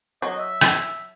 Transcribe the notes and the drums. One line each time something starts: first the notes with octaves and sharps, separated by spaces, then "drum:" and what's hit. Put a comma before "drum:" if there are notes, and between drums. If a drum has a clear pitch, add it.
F#3 D#5
E5
drum: rim click